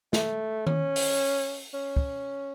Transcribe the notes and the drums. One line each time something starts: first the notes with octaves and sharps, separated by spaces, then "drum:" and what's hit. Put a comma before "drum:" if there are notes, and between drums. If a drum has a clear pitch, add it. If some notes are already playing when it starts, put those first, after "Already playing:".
A3, drum: snare
C#4, drum: tom D#3
drum: open hi-hat
C#4
drum: kick